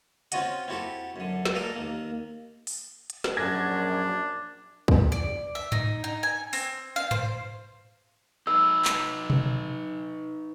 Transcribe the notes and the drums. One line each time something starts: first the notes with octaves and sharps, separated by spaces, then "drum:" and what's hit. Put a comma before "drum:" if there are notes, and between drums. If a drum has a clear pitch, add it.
C4 C#4 F4 F#4 D#5 F#5, drum: hi-hat
C4 E4 F#4 G4 A4
F#2 D3
drum: snare
A4 A#4 D5 D#5 F5
D#2 A#3
drum: open hi-hat
drum: hi-hat
drum: snare
A#1 F#2 D4 G#6 A#6
drum: kick
D5
E5
D#4, drum: tom G#2
D#4
G#5
C4, drum: open hi-hat
F5
C5, drum: tom G#2
D#4 B4 E6
drum: clap
drum: tom B2